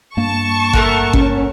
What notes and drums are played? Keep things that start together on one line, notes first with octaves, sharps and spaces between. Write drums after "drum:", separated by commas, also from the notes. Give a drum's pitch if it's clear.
G2 A#3 A5 C#6
A3 A#4 F#5, drum: kick G#1
C#4, drum: kick G#1